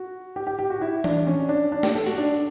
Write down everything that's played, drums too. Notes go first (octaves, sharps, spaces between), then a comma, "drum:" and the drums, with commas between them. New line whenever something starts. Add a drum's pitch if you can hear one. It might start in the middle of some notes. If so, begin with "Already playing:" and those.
Already playing: F#4
G4
G4
G4
F#4
E4
D4, drum: tom E3
C#4
D4
D4
G4, drum: snare
A4
F#4, drum: open hi-hat
D4